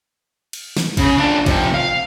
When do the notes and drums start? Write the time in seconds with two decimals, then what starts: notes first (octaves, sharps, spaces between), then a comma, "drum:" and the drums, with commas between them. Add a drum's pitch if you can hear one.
0.53 drum: cymbal
0.77 drum: snare
0.97 C#3, drum: kick, cymbal
1.18 D4 F4
1.46 C3 F3, drum: kick, cymbal
1.74 F5